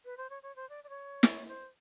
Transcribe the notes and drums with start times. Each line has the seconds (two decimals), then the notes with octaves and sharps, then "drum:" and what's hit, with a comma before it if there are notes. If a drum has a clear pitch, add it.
0.05 B4
0.17 C5
0.30 C#5
0.43 C#5
0.56 C5
0.69 D5
0.84 D5
0.89 C#5
1.23 drum: snare
1.48 C5